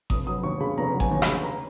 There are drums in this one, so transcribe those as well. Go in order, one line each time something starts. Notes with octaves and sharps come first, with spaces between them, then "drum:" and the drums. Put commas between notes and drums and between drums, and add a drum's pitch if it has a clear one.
F1 D#6, drum: kick G#1
F#3 D#6
D#2 C#6
C#3 B5
F1 A#5
F#3
G#5, drum: kick G#1
D#2
B5, drum: rim click
C#3
A#5